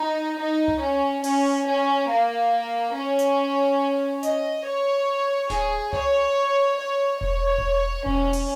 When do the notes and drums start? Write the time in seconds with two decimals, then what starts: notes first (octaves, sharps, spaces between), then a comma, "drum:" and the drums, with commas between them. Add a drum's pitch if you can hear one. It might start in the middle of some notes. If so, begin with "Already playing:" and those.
Already playing: D#4
0.38 D#4
0.68 drum: tom C2
0.81 C#4
1.24 C#4, drum: open hi-hat
1.66 C#4
2.09 A#3
2.95 C#4
3.19 drum: hi-hat
4.23 D#5, drum: hi-hat
4.65 C#5
5.50 G#4, drum: snare D1
5.93 C#5, drum: tom C2
6.78 C#5
7.21 C#5, drum: kick E1
7.58 drum: kick E1
8.06 C#4, drum: kick E1
8.33 drum: open hi-hat